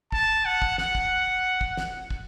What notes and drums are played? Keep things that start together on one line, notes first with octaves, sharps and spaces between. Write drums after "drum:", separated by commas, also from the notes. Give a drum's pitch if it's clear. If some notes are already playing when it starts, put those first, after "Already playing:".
A5, drum: kick
F#5
drum: kick
F#5, drum: snare
drum: kick
drum: kick
drum: snare
drum: kick